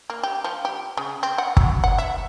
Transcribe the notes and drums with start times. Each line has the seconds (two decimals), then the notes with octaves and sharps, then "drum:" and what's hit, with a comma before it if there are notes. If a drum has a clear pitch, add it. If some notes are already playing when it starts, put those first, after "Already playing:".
0.10 A#3
0.23 G4
0.44 F3
0.65 G4
0.97 C#3
1.23 C4
1.38 F#5
1.57 F#3, drum: kick
1.84 F#5
1.98 E5